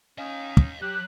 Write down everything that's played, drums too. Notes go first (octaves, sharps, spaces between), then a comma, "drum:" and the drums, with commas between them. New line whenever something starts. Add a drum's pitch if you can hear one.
C#4 D#4 D#5 F5
drum: kick
F#3 G4 F#6